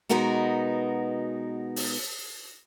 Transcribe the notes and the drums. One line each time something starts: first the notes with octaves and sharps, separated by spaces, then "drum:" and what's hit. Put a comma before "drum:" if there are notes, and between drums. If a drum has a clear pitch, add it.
B2 G#3 B3 D#4 F#4 A#4
drum: open hi-hat